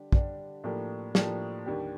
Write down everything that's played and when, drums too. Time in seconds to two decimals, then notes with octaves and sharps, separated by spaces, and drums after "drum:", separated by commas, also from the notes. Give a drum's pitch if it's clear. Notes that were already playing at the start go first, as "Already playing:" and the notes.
Already playing: D3 G3 D4 G4
0.13 D3 G3 D4 G4, drum: kick
0.64 A2 F3 A#3 D4 G4
1.15 A2 F3 A#3 D4 G4, drum: snare
1.66 D#2 D3 G3 D4 G4